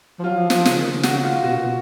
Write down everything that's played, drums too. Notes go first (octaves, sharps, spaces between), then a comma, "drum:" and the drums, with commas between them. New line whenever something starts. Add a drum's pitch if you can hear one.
F3
F#3 F4
F3
F3, drum: snare
C#3, drum: snare
D#3
C#3
F#4, drum: snare
F4
B2 F#4
A#2
B2